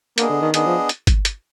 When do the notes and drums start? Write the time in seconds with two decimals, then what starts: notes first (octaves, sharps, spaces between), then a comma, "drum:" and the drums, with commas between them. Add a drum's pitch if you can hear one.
0.18 A#3 B3 D4 G#4 D#5, drum: hi-hat
0.29 D3
0.42 D#3
0.54 D#3 B3 D4 G#4 D#5, drum: hi-hat
0.66 F3
0.89 drum: hi-hat
1.07 drum: kick G1, hi-hat
1.25 drum: hi-hat